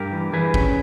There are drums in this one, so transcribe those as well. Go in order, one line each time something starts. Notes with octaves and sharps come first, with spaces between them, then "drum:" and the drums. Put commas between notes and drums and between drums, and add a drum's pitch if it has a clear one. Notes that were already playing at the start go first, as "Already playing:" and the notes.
Already playing: G2 G4 A#4
E3
E3 G#4 B4
C#4, drum: kick